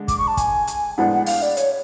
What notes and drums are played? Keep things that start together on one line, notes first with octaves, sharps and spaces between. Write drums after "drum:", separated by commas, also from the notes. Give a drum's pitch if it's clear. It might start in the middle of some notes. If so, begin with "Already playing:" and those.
Already playing: D3 G#3 D4
D6, drum: kick, hi-hat
C#6
A5
G#5, drum: kick, hi-hat
drum: hi-hat
A2 G#3 B3 D4 F#5
F#5
F5, drum: open hi-hat
D5
C#5, drum: hi-hat